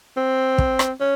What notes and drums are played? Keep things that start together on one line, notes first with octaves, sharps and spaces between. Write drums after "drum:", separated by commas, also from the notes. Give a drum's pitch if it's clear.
C4
drum: kick
drum: rim click
C#4